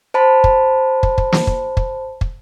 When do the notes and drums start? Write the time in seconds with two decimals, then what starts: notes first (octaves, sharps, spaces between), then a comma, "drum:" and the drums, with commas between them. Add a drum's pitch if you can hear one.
0.14 C5 A5 B5
0.44 drum: kick
1.03 drum: kick
1.18 drum: kick
1.32 drum: snare
1.47 drum: kick
1.77 drum: kick
2.21 drum: kick